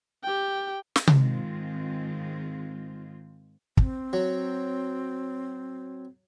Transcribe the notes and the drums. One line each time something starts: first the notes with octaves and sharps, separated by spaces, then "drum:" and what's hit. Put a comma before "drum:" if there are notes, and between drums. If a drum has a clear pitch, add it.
G4 G5
drum: snare
G#2 D#3 G#3 C4 F4, drum: tom C3
C4, drum: kick
F#3